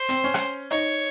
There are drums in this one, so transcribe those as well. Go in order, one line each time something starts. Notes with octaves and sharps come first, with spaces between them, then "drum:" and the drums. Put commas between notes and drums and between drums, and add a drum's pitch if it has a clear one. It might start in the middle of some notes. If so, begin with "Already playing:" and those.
Already playing: C5
C4, drum: hi-hat
C#4
drum: rim click
D#4 C#5